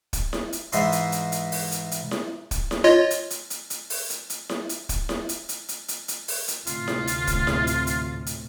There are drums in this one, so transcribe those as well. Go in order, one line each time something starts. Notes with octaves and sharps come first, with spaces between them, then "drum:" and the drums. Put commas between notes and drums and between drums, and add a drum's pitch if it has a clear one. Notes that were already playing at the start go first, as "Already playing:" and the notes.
drum: kick, hi-hat
drum: snare E4
drum: hi-hat
G#2 E3 D#5 E5 C6, drum: hi-hat
drum: hi-hat
drum: hi-hat
drum: hi-hat
drum: open hi-hat
drum: hi-hat
drum: hi-hat
drum: snare E4
drum: kick, hi-hat
drum: snare E4
F4 C#5 D#5
drum: hi-hat
drum: hi-hat
drum: hi-hat
drum: hi-hat
drum: open hi-hat
drum: hi-hat
drum: hi-hat
drum: snare E4
drum: hi-hat
drum: kick, hi-hat
drum: snare E4
drum: hi-hat
drum: hi-hat
drum: hi-hat
drum: hi-hat
drum: hi-hat
drum: open hi-hat
drum: hi-hat
D2 A2 C3 F4, drum: hi-hat
drum: snare E4
drum: hi-hat
drum: kick, hi-hat
drum: snare E4
drum: hi-hat
drum: hi-hat
drum: hi-hat